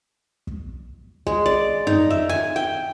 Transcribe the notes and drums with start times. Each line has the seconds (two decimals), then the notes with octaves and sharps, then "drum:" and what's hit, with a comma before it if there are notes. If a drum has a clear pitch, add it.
0.47 drum: kick
1.27 G#3, drum: kick
1.46 D5
1.87 D#4, drum: tom
2.10 E5
2.29 G#5
2.56 G5